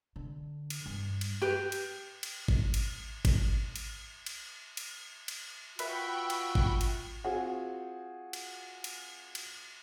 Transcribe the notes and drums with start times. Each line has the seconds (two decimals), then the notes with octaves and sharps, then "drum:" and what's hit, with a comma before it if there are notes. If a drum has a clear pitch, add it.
0.16 D3
0.70 drum: cymbal
0.86 G2
1.21 drum: cymbal
1.42 G4 B4
1.72 drum: cymbal
2.23 drum: cymbal
2.48 drum: kick G#1
2.74 drum: cymbal
3.25 drum: kick G#1, cymbal
3.76 drum: cymbal
4.26 drum: cymbal
4.77 drum: cymbal
5.28 drum: cymbal
5.79 F4 F#4 B4 E5 G5 B5 C#6, drum: cymbal
6.30 drum: cymbal
6.55 drum: kick G#1
6.81 drum: cymbal
7.24 C4 F4 F#4 G#4
8.33 drum: cymbal
8.84 drum: cymbal
9.35 drum: cymbal